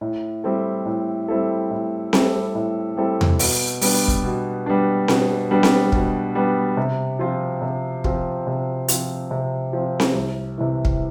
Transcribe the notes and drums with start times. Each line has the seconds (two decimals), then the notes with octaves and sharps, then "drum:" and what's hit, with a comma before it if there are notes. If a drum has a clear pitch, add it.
0.01 A2
0.44 G3 C4 E4 A4
0.86 A2
1.28 G3 C4 E4 A4
1.70 A2
2.13 G3 C4 E4 A4, drum: snare C4
2.55 A2
2.97 G3 C4 E4 A4
3.21 drum: tom E2
3.39 B2, drum: open hi-hat
3.81 G3 B3 D4, drum: open hi-hat
4.08 drum: kick
4.24 B2
4.66 G3 B3 D4
5.08 B2, drum: snare C4
5.51 G3 B3 D4
5.63 drum: snare C4
5.92 B2, drum: kick
6.35 G3 B3 D4
6.77 C3
7.19 F3 C4 F4
7.62 C3
8.04 F3 C4 F4, drum: kick
8.47 C3
8.88 F3 C4 F4, drum: hi-hat
9.31 C3
9.73 F3 C4 F4
10.00 drum: snare C4
10.15 C2
10.58 C3 E3
10.85 drum: kick